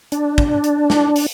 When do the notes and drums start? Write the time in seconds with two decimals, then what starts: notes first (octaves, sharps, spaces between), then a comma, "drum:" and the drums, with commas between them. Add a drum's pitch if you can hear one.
0.12 D4, drum: hi-hat
0.38 drum: kick
0.64 drum: hi-hat
0.90 drum: snare
1.16 drum: open hi-hat